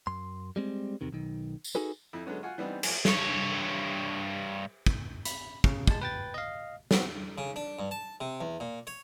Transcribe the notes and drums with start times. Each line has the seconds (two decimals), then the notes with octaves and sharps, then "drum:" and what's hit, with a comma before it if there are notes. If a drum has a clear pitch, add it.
0.07 F#2 C6
0.56 G3 G#3 C4
1.01 E2 C3 D#3
1.12 B1 D#3
1.64 drum: tambourine
1.75 D#4 F#4 G#4 A4 B4
2.13 F2 E4
2.26 D3 F#3 G#3 B3 C#4
2.43 F4 F#4 F#5 G#5
2.58 E3 G3 B3 C4 D4 D#4
2.83 A1 F3 G#5, drum: cymbal
3.05 G2 C#5, drum: snare
4.86 drum: kick
5.25 B5, drum: hi-hat
5.64 C#3, drum: kick
5.87 G#3 A5, drum: kick
6.01 B4 G5 A6
6.34 D#5 F5
6.91 F#3 B3 C4 F#4, drum: snare
7.38 C#3
7.56 D4
7.79 G2
7.91 A5
8.21 C3
8.41 E2
8.60 A#2
8.87 C#5